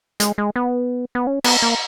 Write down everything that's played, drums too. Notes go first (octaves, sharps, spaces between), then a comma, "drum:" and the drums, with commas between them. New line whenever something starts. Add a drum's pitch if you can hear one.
G#3, drum: hi-hat
G#3
B3
B3
C#4
B3, drum: cymbal
A#3